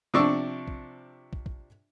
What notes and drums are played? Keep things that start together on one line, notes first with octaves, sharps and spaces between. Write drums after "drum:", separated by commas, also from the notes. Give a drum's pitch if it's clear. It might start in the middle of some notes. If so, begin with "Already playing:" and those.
C3 F3 D4 D5 C#6 E6
drum: kick
drum: kick
drum: kick